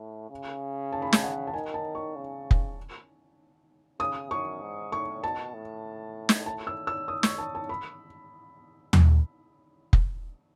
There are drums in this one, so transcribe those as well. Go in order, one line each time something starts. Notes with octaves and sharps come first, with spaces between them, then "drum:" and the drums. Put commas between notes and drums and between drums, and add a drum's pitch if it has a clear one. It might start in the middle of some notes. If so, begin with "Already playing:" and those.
Already playing: A2
C#3
A5
B5
A5, drum: snare
F#5
A5
D#3 G#5
A5
C#6
C#3
drum: kick F1
C#3 D#6
F#2 C#6
G#2
A2 C#6
B2 A5
A2
drum: snare
A5
E6
E6
D#6
C#6, drum: snare
A5
A5
B5
drum: tom D#2
drum: kick F1